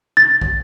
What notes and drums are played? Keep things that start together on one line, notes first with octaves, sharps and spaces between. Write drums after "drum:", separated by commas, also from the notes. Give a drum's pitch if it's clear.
A6
drum: kick